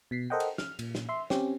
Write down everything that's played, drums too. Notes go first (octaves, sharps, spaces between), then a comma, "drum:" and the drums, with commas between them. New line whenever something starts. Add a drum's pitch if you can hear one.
B2 B6 C7
A4 A#4 C5 D#5 F#5 G5
drum: cymbal
F6, drum: snare
A#2, drum: cymbal
drum: snare
E5 C6
C4 C#4 G4, drum: snare